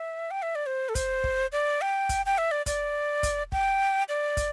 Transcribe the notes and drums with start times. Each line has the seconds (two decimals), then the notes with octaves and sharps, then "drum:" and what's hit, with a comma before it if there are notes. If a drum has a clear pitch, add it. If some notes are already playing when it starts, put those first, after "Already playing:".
Already playing: E5
0.31 G5
0.42 E5
0.55 D5
0.66 C5
0.89 A4
0.95 C5, drum: kick, hi-hat
1.24 drum: kick
1.52 D5
1.81 G5
2.09 drum: kick, hi-hat
2.26 G5
2.38 E5
2.51 D5
2.66 D5, drum: kick, hi-hat
3.23 drum: kick, hi-hat
3.52 G5, drum: kick
4.09 D5
4.37 drum: kick, hi-hat